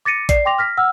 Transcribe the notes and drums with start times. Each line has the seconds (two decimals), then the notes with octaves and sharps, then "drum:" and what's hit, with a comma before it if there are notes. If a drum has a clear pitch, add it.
0.05 D6 A6 A#6 C#7 D#7
0.29 D5 C7, drum: kick A#1, hi-hat
0.45 G5 C6 D6 A#6 F7
0.58 F6 A#6 B6
0.77 F#5 E6 F6